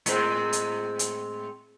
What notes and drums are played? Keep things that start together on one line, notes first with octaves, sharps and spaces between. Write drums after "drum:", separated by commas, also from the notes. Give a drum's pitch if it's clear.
A2 G#3 C4, drum: hi-hat
drum: hi-hat
drum: hi-hat